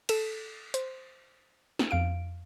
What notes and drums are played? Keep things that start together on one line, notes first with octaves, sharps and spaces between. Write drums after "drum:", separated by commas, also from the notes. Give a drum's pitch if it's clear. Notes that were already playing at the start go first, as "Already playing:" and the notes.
A4 E7, drum: cymbal
C5, drum: hi-hat
drum: snare
F2 F5 D7